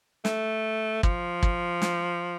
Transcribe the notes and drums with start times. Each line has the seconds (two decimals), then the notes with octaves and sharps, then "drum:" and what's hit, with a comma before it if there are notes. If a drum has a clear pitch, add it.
0.25 A3, drum: snare
1.03 F3, drum: kick
1.43 drum: kick
1.82 drum: snare